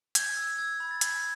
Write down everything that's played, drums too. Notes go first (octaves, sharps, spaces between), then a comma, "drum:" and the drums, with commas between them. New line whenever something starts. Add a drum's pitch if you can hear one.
G6 G#6, drum: hi-hat
E6
E6 G#6
B5
A6
G6 G#6, drum: hi-hat